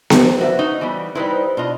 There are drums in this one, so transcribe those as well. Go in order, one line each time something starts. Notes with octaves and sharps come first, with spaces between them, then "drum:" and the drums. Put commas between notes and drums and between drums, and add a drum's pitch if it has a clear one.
D#2 C4 E5, drum: snare B3
E4 F#4 B4 D5 E5
D#4 F#4
E3 G3 B3
G3 D#4 E4 B4 C5
B2 D4 F4 D#5